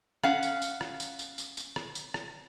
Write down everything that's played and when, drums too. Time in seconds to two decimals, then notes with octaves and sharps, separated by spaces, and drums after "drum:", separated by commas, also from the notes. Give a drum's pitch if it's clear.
0.24 C#4 F5 F#5, drum: rim click
0.43 drum: tambourine
0.62 drum: tambourine
0.81 drum: rim click
1.00 drum: tambourine
1.19 drum: tambourine
1.38 drum: tambourine
1.57 drum: tambourine
1.76 drum: rim click
1.95 drum: tambourine
2.14 drum: rim click